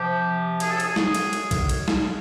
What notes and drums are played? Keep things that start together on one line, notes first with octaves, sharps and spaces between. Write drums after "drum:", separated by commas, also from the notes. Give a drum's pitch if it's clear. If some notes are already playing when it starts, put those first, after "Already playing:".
Already playing: C3 F3 G4
G#4, drum: cymbal
A4
G#4, drum: cymbal
drum: snare
drum: cymbal
drum: cymbal
drum: kick A#1, cymbal
drum: cymbal
drum: snare